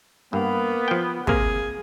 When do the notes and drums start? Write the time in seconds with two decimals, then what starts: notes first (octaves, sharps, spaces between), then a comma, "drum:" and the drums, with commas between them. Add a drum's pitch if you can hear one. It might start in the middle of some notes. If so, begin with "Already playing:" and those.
0.33 G2 A#3 B3
0.88 F3 G5
1.27 C3 A#3 G#4, drum: kick